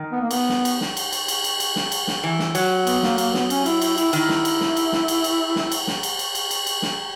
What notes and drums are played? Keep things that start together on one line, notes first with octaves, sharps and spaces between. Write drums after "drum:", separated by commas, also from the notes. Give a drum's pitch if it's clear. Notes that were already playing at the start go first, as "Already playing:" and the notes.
Already playing: D#3
B3
A#3
B3, drum: cymbal
drum: snare
drum: cymbal
drum: snare
drum: cymbal
drum: cymbal
drum: cymbal
drum: cymbal
drum: cymbal
drum: snare
drum: cymbal
drum: snare
E3
drum: snare
F#3, drum: cymbal
B3, drum: cymbal
A#3, drum: snare
A#3, drum: cymbal
B3, drum: snare
C#4, drum: cymbal
E4, drum: cymbal
E4, drum: cymbal
E4, drum: cymbal
D#3 E4, drum: cymbal
drum: snare
drum: cymbal
drum: snare
drum: cymbal
drum: snare
drum: cymbal
drum: cymbal
drum: snare
drum: cymbal
drum: snare
drum: cymbal
drum: cymbal
drum: cymbal
drum: cymbal
drum: cymbal
drum: snare